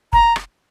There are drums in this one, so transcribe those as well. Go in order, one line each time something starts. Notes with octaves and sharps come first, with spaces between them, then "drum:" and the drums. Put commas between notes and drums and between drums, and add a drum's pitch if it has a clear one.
A#5, drum: kick
drum: rim click